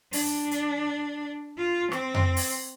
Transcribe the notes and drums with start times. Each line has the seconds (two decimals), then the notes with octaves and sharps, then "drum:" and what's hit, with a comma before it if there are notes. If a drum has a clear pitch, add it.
0.13 D4, drum: open hi-hat
0.51 drum: hi-hat
1.58 F4
1.92 C4, drum: rim click
2.14 drum: tom F2
2.37 drum: open hi-hat